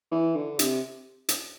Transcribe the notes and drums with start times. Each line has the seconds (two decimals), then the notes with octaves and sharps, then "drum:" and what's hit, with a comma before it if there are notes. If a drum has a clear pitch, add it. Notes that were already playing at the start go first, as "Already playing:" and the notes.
0.11 E3
0.36 D3
0.59 C3, drum: hi-hat
1.29 drum: hi-hat